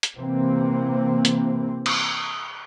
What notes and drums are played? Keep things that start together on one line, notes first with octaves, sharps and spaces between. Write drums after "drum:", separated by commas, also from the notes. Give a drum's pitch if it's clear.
drum: hi-hat
C3 E3 A#3 C4
drum: hi-hat
drum: cymbal